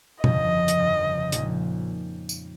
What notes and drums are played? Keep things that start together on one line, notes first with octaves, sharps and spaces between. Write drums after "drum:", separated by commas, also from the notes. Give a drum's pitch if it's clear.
G1 F2 C#3 F3 D#5, drum: tom B2
drum: hi-hat
G1 F2 C#3 F3
A#1 A#2 G#3 D#4, drum: hi-hat
drum: tambourine